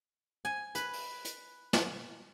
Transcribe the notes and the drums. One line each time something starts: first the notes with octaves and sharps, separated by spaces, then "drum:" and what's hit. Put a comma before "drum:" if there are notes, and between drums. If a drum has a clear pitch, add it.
G#5
B4, drum: hi-hat
drum: open hi-hat
drum: hi-hat
drum: snare